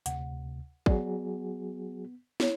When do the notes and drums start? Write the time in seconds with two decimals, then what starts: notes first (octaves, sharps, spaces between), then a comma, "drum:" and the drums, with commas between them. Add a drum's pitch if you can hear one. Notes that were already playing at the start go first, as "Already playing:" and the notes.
0.06 D2 C3 F#5, drum: hi-hat
0.86 F#3 B3 F#4 G#4 D5, drum: kick
2.40 E4 C#5, drum: snare